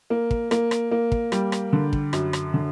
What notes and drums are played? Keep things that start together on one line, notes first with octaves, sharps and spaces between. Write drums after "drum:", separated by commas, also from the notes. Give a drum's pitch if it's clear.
A#3
drum: kick
A#3, drum: rim click
drum: rim click
A#3
drum: kick
G3, drum: rim click
drum: rim click
D3
drum: kick
F#2, drum: rim click
drum: rim click
D3